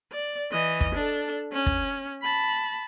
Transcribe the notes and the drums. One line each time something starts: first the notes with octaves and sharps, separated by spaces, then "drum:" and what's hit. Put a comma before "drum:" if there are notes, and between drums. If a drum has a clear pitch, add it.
D5
E3 D#5
drum: kick
D4 A4
C#4
drum: kick
A5 B5